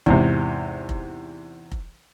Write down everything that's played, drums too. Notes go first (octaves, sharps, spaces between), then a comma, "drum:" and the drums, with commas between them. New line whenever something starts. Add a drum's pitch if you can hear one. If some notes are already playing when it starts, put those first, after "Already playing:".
E2 G#2 C3, drum: kick F1
drum: kick F1
drum: kick F1